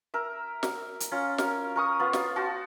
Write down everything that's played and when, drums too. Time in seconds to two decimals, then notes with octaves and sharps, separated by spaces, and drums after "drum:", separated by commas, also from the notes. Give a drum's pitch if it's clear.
0.14 A#4 E5
0.63 drum: snare
1.00 drum: hi-hat
1.12 C#4 F4
1.38 A#4, drum: snare
1.76 A#4 C#6 D#6
2.00 B3 F4
2.13 drum: snare
2.36 F#4 C5 A5